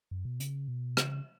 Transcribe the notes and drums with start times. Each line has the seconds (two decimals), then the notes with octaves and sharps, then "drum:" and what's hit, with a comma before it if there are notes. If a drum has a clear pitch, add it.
0.11 F#2
0.25 B2
0.40 C#3, drum: hi-hat
0.68 B2
0.97 C#3, drum: rim click